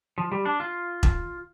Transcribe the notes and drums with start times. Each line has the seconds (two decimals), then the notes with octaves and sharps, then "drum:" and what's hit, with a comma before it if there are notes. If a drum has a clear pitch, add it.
0.18 F3
0.32 G3
0.45 D4
0.60 F4
1.03 drum: kick E1